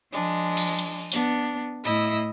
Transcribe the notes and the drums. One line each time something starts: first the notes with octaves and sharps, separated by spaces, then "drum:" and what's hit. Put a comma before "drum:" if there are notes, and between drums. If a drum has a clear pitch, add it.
F3 G#3 D4
drum: cymbal
drum: hi-hat
B3 D4, drum: open hi-hat
A2 E4 D#5 E6